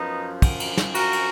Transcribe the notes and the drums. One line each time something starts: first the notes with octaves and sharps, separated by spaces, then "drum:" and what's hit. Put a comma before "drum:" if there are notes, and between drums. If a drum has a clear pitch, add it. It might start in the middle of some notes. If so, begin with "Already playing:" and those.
Already playing: F#2 F3 B3 D#4
drum: kick, cymbal
drum: cymbal
drum: snare
F#4 A#4, drum: cymbal
drum: cymbal